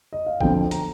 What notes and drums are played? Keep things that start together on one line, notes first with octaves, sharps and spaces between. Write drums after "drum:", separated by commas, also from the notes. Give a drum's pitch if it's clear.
D#5
F5
F2 D3 F3 G5, drum: kick
A#5, drum: hi-hat